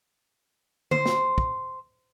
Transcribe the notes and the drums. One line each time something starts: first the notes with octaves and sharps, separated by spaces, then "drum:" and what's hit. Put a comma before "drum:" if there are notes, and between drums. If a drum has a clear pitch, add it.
C5, drum: tom D3
drum: snare
drum: kick